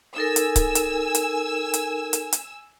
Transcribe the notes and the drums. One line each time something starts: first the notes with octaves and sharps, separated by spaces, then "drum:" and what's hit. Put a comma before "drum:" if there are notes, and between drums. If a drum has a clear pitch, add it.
D#4 A4 A#4 G#5 E6
drum: hi-hat
drum: kick C#1, hi-hat
drum: hi-hat
drum: hi-hat
drum: hi-hat
drum: hi-hat
drum: hi-hat